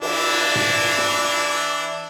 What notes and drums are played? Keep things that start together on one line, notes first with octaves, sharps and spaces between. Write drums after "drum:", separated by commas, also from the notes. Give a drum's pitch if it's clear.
E3 D4 E4, drum: cymbal
drum: tom G#2
drum: snare